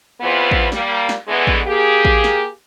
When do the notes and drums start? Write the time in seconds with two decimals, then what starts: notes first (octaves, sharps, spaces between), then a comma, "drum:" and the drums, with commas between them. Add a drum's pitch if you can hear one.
0.21 E2 E3 B3 C4 F4 B4
0.51 drum: kick A1
0.72 G3 A#3, drum: snare
1.09 drum: snare
1.28 D3 E3 G#3 A3 B3
1.47 drum: kick A1
1.67 A#3 G4 G#4
2.05 drum: kick A1
2.24 drum: snare